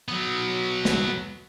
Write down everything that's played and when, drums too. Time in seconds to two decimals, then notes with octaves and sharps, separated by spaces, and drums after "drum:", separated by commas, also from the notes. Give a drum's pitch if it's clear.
0.08 F#3 B3
0.85 drum: snare